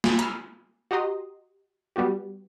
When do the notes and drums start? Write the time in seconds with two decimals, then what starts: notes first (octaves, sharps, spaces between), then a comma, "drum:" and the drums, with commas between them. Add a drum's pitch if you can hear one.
0.04 drum: snare
0.19 A#5 B5 E6 F6, drum: hi-hat
0.91 F#4 G4 D#5 A#5 C6 D#6
1.96 G3 B3 F#4 G4